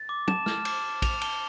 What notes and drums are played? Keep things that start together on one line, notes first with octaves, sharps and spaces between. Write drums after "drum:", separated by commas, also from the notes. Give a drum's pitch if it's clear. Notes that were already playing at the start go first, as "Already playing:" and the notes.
Already playing: A6
D6
A5 E7, drum: tom
F6, drum: snare
D6, drum: cymbal
D6
D6 F7, drum: kick A#1, cymbal
A5 G7, drum: cymbal